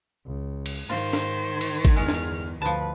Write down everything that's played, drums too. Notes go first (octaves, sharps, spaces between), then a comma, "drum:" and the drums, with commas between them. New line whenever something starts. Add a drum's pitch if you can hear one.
C#2
drum: cymbal
G#2 D#3 F4 C5
drum: snare
drum: cymbal
drum: kick G#1
G1 E2 G#3 F6
drum: snare
D2 F3 B4 A5